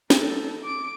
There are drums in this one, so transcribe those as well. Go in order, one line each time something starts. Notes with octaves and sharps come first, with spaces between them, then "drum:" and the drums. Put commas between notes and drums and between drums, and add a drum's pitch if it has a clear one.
D#4 A4, drum: snare
D6 D7